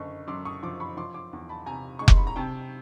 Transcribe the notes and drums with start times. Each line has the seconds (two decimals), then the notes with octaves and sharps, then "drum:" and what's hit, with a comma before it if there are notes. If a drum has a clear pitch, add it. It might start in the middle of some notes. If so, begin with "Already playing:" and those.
Already playing: F#1 D3 C#6
0.28 F#2 C6 D6
0.45 C#6 D#6
0.63 F3 C6 D6
0.80 B5 C#6
0.97 F3 C6 D6
1.14 C6 D6
1.33 E2
1.49 A5 B5
1.66 C3 G#5 A#5
1.99 G#3 C#6
2.08 C6, drum: kick F1
2.17 B5
2.27 A#5
2.36 C3 G5 A5